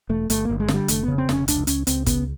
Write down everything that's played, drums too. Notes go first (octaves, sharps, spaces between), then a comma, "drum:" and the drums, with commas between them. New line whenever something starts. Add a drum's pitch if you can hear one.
E1 A3
G1 A3, drum: hi-hat
G1 A#3
G#3
D3, drum: snare
G3
F1 A3, drum: hi-hat
C#3 B3
C4
F1 C#4, drum: snare
C#2 D4, drum: hi-hat
C#2 C#4, drum: hi-hat
C#2 C4, drum: hi-hat
C#3 B3, drum: kick, hi-hat